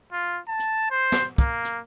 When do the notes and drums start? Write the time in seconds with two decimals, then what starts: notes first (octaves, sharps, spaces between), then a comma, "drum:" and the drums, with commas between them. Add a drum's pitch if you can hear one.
0.13 F4
0.48 A5
0.59 drum: hi-hat
0.91 C5
1.12 drum: snare
1.38 A#3, drum: kick, hi-hat
1.65 drum: hi-hat